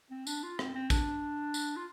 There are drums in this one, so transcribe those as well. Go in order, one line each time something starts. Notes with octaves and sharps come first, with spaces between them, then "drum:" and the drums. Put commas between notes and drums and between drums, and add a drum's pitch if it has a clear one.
C4
D4, drum: tambourine
F4
C4, drum: rim click
C4
D4, drum: kick, tambourine
drum: tambourine
F4